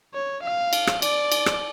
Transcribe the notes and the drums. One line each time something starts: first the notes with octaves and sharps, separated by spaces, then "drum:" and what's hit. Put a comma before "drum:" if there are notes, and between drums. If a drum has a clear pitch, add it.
C#5
F5
drum: cymbal
drum: rim click
D5, drum: cymbal
drum: cymbal
drum: rim click